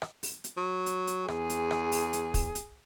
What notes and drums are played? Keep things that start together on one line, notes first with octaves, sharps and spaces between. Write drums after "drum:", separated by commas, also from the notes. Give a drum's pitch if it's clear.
drum: rim click
drum: open hi-hat
drum: hi-hat
F#3
drum: hi-hat
drum: hi-hat
E2 G#4, drum: rim click
drum: hi-hat
drum: rim click
drum: open hi-hat
drum: hi-hat
drum: kick, open hi-hat
drum: hi-hat